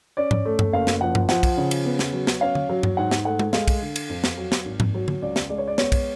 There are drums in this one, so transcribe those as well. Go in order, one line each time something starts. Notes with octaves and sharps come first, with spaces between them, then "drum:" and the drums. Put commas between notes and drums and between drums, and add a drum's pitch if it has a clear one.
C#4 D5
drum: tom G#2
A3
drum: tom G2
F#1 F5
drum: snare
F3 F#5
drum: tom G2
F3 F#5, drum: snare
drum: kick, cymbal
C#3
drum: cymbal
B3
drum: snare
F#3
drum: snare
C#4 F5
drum: tom D3
F#3
drum: tom G2
G#2 F#5
drum: snare
A3 F#5
drum: tom
G#3 F5, drum: snare
drum: kick, cymbal
D3
drum: cymbal
F2
drum: snare
F#3
drum: snare
G#1
drum: tom G#2
F#3
drum: tom D3
C#2 D5
drum: snare
G#3 D5
C#5
D5
B3 C#5, drum: snare
drum: kick, cymbal